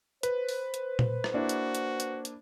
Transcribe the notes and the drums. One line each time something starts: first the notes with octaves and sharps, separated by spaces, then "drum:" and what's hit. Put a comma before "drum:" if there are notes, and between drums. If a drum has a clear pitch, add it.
B4 C5, drum: hi-hat
drum: open hi-hat
drum: hi-hat
drum: tom A#2
drum: rim click
A#3 D4 E4 F#4
drum: hi-hat
drum: hi-hat
drum: hi-hat
drum: hi-hat